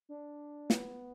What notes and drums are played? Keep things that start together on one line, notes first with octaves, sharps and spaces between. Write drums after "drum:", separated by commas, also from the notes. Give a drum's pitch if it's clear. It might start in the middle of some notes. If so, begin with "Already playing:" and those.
D4
B3, drum: snare